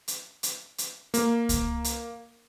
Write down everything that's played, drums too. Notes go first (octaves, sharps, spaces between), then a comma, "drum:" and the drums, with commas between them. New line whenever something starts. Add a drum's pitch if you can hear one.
drum: hi-hat
drum: hi-hat
drum: hi-hat
A#3, drum: hi-hat
drum: kick C#2, hi-hat
drum: hi-hat